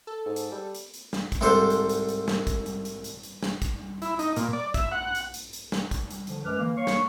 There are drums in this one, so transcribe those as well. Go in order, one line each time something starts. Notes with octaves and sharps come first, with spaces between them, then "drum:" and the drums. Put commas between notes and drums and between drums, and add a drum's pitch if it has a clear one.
A4
G#2
drum: hi-hat
G3
drum: hi-hat
drum: hi-hat
drum: snare
drum: kick, hi-hat
C2 G#2 D4 A4 C5
drum: hi-hat
drum: hi-hat
drum: hi-hat
drum: snare
drum: kick, hi-hat
drum: hi-hat
drum: hi-hat
drum: hi-hat
drum: hi-hat
drum: snare
drum: kick, hi-hat
E4, drum: hi-hat
D#4, drum: hi-hat
A#2, drum: hi-hat
D5
E5, drum: kick, hi-hat
F#5
drum: hi-hat
drum: hi-hat
drum: hi-hat
drum: snare
drum: kick, hi-hat
drum: hi-hat
D3 F3, drum: hi-hat
F#2 G#3 B4 D6 F6
D3 E3 A#3
A#3 C#5 F5 C#6
drum: snare